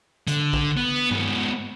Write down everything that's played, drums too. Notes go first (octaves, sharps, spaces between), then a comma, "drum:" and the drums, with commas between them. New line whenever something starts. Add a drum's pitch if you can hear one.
D3, drum: hi-hat
drum: kick
B3
G#2 B3, drum: tom G2